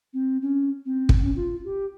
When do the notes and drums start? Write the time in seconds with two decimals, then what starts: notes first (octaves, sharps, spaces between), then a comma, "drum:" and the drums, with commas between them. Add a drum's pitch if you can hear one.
0.13 C4
0.42 C#4
0.86 C4
1.09 drum: kick
1.22 C#4
1.36 F4
1.64 G4